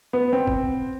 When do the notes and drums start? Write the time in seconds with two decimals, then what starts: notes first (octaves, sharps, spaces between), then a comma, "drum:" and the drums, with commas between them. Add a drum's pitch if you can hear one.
0.13 B3
0.33 C4
0.47 drum: kick